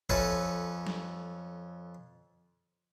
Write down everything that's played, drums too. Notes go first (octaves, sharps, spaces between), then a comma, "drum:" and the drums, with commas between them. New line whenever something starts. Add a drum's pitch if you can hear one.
F2 C#4 A4 B4 C#5 E5, drum: kick
drum: snare